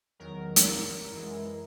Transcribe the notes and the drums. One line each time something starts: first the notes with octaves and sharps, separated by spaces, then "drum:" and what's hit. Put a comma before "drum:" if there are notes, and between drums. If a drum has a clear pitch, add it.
E2 D#3 F#3 A#4
drum: hi-hat
F#2 E3 G#3